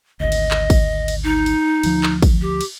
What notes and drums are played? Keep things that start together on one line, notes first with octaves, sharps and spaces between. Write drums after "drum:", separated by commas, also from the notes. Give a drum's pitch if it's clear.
G#1 D2 D#5
drum: cymbal
drum: clap
drum: kick, cymbal
drum: cymbal
D#4
drum: cymbal
D2 F3, drum: cymbal
drum: clap
drum: kick, cymbal
G4
drum: cymbal